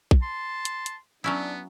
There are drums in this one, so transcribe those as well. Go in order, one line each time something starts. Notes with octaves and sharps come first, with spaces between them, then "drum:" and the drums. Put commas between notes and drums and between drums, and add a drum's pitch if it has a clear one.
drum: kick
A5 C6
drum: hi-hat
drum: hi-hat
F#3 B3 C#4 D4 E4